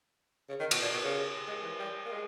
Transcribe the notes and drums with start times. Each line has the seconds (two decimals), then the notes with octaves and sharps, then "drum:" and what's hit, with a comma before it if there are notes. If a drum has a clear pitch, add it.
0.49 C#3
0.60 D#3
0.71 B2, drum: cymbal
0.82 A#2
0.92 B2
1.04 C#3
1.47 G#3
1.63 E3
1.79 G3
2.05 A#3
2.11 G#3